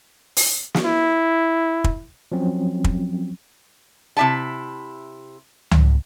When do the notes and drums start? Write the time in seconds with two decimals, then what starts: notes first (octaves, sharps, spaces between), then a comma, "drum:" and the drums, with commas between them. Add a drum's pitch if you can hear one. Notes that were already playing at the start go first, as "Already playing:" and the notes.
0.36 drum: open hi-hat
0.74 drum: snare
0.85 E4
1.84 drum: kick
2.32 F3 F#3 C4 C#4
2.84 drum: kick
4.17 C3 E4 E5 G5 A5
5.71 drum: tom C#2